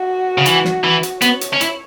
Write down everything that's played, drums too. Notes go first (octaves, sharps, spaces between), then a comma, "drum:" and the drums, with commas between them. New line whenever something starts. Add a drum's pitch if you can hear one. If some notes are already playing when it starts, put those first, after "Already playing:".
Already playing: F#4
C#3
E3, drum: hi-hat
drum: snare
E3
drum: hi-hat
B3 C#5, drum: hi-hat
drum: hi-hat
C#4
E4, drum: hi-hat